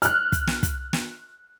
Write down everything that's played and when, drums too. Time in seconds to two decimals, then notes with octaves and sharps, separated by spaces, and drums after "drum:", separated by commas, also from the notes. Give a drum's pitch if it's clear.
0.02 F6 F#6, drum: hi-hat
0.32 drum: kick, hi-hat
0.48 drum: snare
0.63 drum: kick, hi-hat
0.93 drum: snare